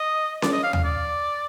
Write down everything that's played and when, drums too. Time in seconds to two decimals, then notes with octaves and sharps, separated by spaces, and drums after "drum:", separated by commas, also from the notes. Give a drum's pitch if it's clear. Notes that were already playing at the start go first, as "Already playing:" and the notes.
Already playing: D#5
0.42 D5, drum: snare C#4
0.52 D#5
0.63 F5
0.73 F5, drum: tom
0.84 D5